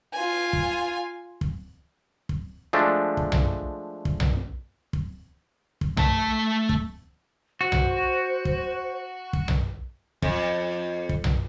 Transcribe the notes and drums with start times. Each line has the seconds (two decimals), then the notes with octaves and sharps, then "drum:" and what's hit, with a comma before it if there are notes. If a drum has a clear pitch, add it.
0.13 F4 G#5
0.53 drum: kick
1.41 drum: kick
2.29 drum: kick
2.73 F3 G#3 A3 D4
3.17 drum: kick
3.32 drum: tom B1
4.05 drum: kick
4.20 drum: tom B1
4.93 drum: kick
5.81 drum: kick
5.97 A3 A5, drum: tom B1
6.69 drum: kick
7.61 F#4 C5
7.72 drum: tom B1
8.45 drum: kick
9.33 drum: kick
9.48 drum: tom B1
10.22 F2, drum: kick
11.09 drum: kick
11.24 drum: tom B1